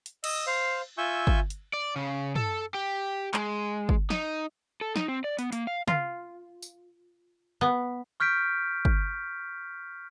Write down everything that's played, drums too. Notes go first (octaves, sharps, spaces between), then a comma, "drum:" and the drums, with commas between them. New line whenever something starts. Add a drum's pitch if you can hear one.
drum: hi-hat
D#5 E6, drum: cymbal
C5 F5
F4 E5 G#5 C#6 E6 G6
drum: kick
drum: hi-hat
D5
C#3
A4, drum: tom
G4
G#3, drum: clap
drum: kick
D#4, drum: snare
A4
D#4, drum: snare
C4
D5
B3, drum: hi-hat
A#3, drum: hi-hat
F5
F4, drum: tom
drum: tambourine
B3
C#6 F6 G6 B6 D7
drum: kick